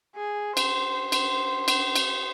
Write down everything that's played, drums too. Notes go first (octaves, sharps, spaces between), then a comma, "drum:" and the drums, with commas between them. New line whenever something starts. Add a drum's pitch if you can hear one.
G#4
C5, drum: cymbal
drum: cymbal
drum: cymbal
drum: cymbal